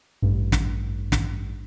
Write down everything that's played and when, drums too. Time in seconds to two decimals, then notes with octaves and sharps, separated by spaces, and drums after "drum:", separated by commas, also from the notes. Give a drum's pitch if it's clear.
0.22 A1 G2
0.52 drum: snare
1.12 drum: snare